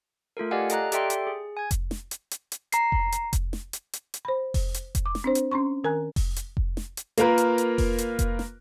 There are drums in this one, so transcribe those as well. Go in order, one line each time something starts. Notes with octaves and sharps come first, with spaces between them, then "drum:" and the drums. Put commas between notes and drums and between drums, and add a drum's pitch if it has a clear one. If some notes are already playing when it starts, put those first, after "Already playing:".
A3 F4 A4 A#4
G4 D5 D#5 F5 F#5 G#5
A4 D#5 A#5 F#6, drum: hi-hat
G4 A4 D5 E5 G5 C6, drum: hi-hat
drum: hi-hat
G#4
G#5 G#6
drum: kick F1, hi-hat
drum: snare
drum: hi-hat
drum: hi-hat
drum: hi-hat
A#5 C7, drum: hi-hat
drum: kick F1
drum: hi-hat
drum: kick F1, hi-hat
drum: snare
drum: hi-hat
drum: hi-hat
drum: hi-hat
C5 B5
drum: kick F1, open hi-hat
drum: hi-hat
drum: kick F1, hi-hat
D6
drum: snare
C4 D4 C5
drum: hi-hat
C#4 A#5 C6 C#6
D#3 A#4 G#5 A#5 F#6
drum: kick F1, open hi-hat
drum: hi-hat
drum: kick F1
drum: snare
drum: hi-hat
A#3 F4 A#4 B4, drum: hi-hat
drum: hi-hat
drum: hi-hat
drum: kick F1, open hi-hat
drum: hi-hat
drum: kick F1, hi-hat
drum: snare